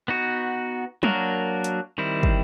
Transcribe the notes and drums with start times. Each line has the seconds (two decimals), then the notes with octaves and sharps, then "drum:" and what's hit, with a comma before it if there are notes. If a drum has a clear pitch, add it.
0.08 B3 D#4 F#4
1.03 F#3 A#3 D4 F#4 A#4, drum: tom F#3
1.64 drum: hi-hat
1.98 D#3 G3 C4 E4
2.23 drum: kick